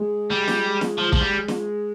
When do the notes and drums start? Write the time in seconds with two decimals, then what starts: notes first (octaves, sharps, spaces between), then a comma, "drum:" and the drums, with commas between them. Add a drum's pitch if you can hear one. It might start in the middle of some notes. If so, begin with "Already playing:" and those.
Already playing: G#3
0.31 G3
0.48 drum: snare
0.81 drum: snare
0.98 F3
1.13 F3, drum: kick
1.21 G3
1.48 drum: snare